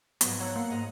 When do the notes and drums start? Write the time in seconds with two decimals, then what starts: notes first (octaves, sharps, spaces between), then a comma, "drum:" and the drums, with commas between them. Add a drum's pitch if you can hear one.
0.21 G#2 F3 F#3 B3, drum: hi-hat
0.40 C#5 F#5 A#5 E6
0.56 A#3 F5
0.70 G#2 D#5 A#5